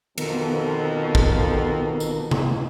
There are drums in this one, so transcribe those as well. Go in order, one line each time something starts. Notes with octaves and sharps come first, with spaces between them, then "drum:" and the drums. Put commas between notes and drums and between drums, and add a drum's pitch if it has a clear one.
F2 B2 D#3 B3 A#4, drum: cymbal
drum: kick
drum: tambourine
drum: tom C3